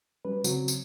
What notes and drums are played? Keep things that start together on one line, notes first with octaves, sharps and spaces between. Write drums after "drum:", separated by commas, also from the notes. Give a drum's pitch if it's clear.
F#3 G3 C#4 B4
C#3 F#3 C4, drum: tambourine
drum: tambourine